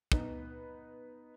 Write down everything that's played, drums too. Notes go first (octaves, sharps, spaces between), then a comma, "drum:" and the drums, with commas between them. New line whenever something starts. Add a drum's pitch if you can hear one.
B3 D#4 B4, drum: kick